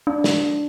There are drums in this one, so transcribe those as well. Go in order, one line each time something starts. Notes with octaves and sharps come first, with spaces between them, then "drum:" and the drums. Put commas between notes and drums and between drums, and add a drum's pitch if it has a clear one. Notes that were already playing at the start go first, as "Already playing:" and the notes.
D4
drum: snare